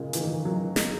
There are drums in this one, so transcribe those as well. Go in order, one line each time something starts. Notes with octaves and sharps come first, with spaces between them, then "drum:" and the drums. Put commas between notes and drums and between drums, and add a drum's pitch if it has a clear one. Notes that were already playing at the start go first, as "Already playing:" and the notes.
Already playing: A#2 C#3 G#3
E3, drum: hi-hat
D#3
E3
F#3
G#3, drum: snare